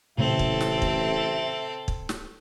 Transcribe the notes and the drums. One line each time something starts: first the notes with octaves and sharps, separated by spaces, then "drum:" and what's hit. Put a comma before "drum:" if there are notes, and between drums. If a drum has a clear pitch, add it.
A1 A#2 C#3 A3 C4 A4 E5
drum: kick
drum: snare
drum: kick
drum: kick
drum: snare